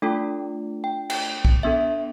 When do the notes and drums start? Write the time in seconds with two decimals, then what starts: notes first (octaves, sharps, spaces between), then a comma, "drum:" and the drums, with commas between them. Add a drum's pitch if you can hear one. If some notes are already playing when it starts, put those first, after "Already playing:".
0.02 A3 D4 F4 A4 G5
0.84 G5
1.10 G5, drum: cymbal
1.45 drum: kick
1.63 B3 D4 A4 E5